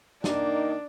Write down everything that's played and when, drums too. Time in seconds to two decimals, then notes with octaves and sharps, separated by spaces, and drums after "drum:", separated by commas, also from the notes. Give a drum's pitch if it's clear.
0.24 D#3 A#3 D4 D#4, drum: snare